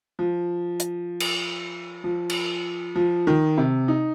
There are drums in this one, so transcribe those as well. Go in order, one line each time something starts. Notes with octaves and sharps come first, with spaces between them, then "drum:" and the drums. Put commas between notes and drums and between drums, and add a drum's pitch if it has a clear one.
F3
drum: hi-hat
drum: cymbal
F3
drum: cymbal
F3
D#3
C3
D#4